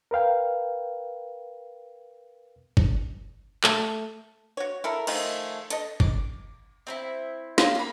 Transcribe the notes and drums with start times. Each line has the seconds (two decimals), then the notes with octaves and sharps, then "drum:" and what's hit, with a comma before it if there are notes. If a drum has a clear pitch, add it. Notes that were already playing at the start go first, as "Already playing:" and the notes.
0.11 A#4 B4 F5 G5
2.77 drum: kick
3.64 A3, drum: clap
4.57 F#4 C#5
4.84 E4 A4 A#4
5.07 D#3 F3 A3 G#4, drum: cymbal
5.70 A4 D#5, drum: hi-hat
6.00 D6, drum: kick
6.87 C4 D#4 E4
7.58 F5, drum: snare
7.75 A#3 B5